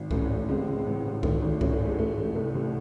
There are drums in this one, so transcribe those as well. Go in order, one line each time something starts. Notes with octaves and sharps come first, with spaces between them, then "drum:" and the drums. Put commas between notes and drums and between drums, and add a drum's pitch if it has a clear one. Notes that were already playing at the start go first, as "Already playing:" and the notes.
Already playing: G#1
A1 A3 C#4, drum: kick C#2
A1
C#2 G#3 C4
C#2
A1
A1
G#1 A3, drum: kick C#2
G#1
A1 A3 C#4, drum: kick C#2
A3
A1
G#3
A1 A3
A1
C2 A3
C2